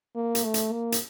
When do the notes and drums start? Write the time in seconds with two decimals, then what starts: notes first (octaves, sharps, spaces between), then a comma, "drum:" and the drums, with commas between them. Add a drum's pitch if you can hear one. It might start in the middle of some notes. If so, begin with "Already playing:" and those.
0.16 A#3
0.35 drum: hi-hat
0.44 A3
0.54 drum: hi-hat
0.73 A#3
0.92 drum: hi-hat